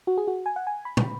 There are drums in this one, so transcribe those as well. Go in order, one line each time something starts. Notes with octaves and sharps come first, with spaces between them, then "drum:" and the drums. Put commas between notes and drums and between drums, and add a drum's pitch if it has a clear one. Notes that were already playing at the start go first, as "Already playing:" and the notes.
F#4
G#4
F#4
G#5
F#5
G#5
B5
drum: tom